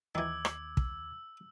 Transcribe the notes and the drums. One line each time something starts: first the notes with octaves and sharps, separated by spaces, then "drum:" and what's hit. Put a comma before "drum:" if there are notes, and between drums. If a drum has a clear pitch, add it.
D#2 D#3 E3 D6 E6 G#6
drum: rim click
drum: kick